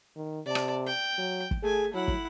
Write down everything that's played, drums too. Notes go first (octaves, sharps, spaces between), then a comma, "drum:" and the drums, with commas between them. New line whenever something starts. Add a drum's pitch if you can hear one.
D#3
C3 D5 A5
drum: rim click
G5
F#3
drum: kick
A3 G#4 G#5
F#3 E4 F#5
drum: kick